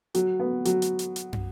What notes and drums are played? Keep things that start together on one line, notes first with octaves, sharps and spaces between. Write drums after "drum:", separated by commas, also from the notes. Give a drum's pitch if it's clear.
F#3, drum: hi-hat
B3
F#3, drum: hi-hat
drum: hi-hat
drum: hi-hat
drum: hi-hat
drum: tom